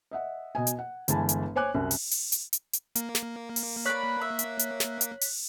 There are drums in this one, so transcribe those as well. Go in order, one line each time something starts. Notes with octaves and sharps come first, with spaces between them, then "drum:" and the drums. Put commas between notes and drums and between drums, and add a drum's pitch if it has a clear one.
D#5 E5 F#5
B2 D#5 G#5
drum: hi-hat
F#5
G1 E3 G#3 G#5 A5 B5, drum: hi-hat
drum: hi-hat
C5 C#5 G#5 D6 F#6
C2 F#2
drum: open hi-hat
drum: open hi-hat
drum: hi-hat
drum: hi-hat
drum: hi-hat
A#3, drum: hi-hat
drum: snare
drum: open hi-hat
B4 C#5 D5 B5 F#6 B6
E5
drum: hi-hat
drum: hi-hat
drum: snare
drum: hi-hat
drum: open hi-hat